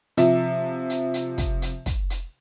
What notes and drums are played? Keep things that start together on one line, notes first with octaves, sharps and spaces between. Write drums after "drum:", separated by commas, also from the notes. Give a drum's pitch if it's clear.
C3 F3 E5, drum: hi-hat
drum: hi-hat
drum: hi-hat
drum: kick, hi-hat
drum: hi-hat
drum: kick, hi-hat
drum: hi-hat